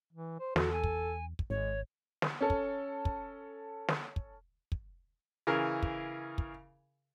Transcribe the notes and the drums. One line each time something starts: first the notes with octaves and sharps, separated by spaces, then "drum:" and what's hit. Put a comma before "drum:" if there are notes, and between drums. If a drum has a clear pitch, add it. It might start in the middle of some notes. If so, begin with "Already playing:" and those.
E3
C5
E2 F#4 A4, drum: snare
G#5
drum: kick
drum: kick
G#1 G#3 C#5
drum: snare
C#4 A4
drum: kick
drum: kick
drum: snare
drum: kick
drum: kick
C#3 E3 G#4 A#4
drum: kick
drum: kick